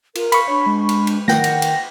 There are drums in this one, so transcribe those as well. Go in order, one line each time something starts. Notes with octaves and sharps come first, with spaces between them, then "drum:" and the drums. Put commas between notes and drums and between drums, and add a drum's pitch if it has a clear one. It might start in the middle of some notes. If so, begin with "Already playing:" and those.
F4 A#4, drum: cymbal
F5 B5 C#6, drum: cymbal
D4 C#5
G#3
drum: cymbal
drum: cymbal
D#3 F#5 G5 A#6, drum: snare
drum: cymbal
drum: cymbal